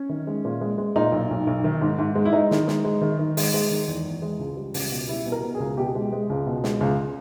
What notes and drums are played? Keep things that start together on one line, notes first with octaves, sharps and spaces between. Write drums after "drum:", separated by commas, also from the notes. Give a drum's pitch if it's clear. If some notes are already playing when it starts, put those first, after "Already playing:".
Already playing: C#4
D#3
G#3
A#2
G#3
G#3
A#2 D#4
B1
B1
B1
D#3
G#2
G#2
G#3
E4
G#3 D#4
D#3, drum: snare
G#3, drum: snare
G#3
D#3
D#3
G#3, drum: open hi-hat
G#3
D#3
E2
E2
G#3
C#2
G3
C#2, drum: open hi-hat
B2
G3 E4
B2
A#4
B2
G#4
C#2
B2 G4
G#3
G#3
C#2
B2
G#3, drum: snare
C#2